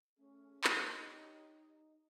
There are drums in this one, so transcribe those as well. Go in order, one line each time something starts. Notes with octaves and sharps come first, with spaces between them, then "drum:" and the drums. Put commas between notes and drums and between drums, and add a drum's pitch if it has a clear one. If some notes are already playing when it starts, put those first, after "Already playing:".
A3 C#4 G#4
D#4 G4 C#5 D#5, drum: clap